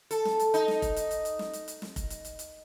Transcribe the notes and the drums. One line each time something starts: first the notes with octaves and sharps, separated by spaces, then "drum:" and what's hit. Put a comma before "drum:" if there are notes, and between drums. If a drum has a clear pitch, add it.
A4, drum: hi-hat
drum: snare
drum: hi-hat
D#4, drum: hi-hat
drum: snare
drum: kick F1, hi-hat
drum: hi-hat
drum: hi-hat
drum: hi-hat
drum: snare
drum: hi-hat
drum: hi-hat
drum: snare
drum: kick F1, hi-hat
drum: hi-hat
drum: hi-hat
drum: hi-hat